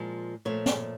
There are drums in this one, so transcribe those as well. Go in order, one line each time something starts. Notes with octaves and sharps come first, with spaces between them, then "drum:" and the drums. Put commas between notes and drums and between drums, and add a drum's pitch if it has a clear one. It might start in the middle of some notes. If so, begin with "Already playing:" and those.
Already playing: A#2 F3 G#3
A#2 F3 A3 C#5
drum: snare